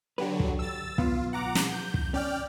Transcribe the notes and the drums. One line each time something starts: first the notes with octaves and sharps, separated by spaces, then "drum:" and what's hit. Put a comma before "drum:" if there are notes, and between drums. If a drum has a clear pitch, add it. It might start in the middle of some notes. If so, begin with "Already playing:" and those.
D3 F#3 G4 B4
drum: kick
E6 A6
B1 B3 F4, drum: kick
F#5 A#5 D6
drum: snare
G6
drum: kick
C#4 D5 G5 F6